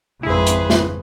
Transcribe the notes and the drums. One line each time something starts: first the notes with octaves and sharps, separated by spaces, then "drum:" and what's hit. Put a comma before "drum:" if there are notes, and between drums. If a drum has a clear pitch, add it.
G#1 F2 C#3 E4 G#4 B4 C5
drum: hi-hat
drum: snare